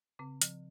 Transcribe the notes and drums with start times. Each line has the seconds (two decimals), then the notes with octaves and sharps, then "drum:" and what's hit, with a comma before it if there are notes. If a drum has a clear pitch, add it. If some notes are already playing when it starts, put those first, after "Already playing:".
0.19 C#3 C4
0.42 F3, drum: hi-hat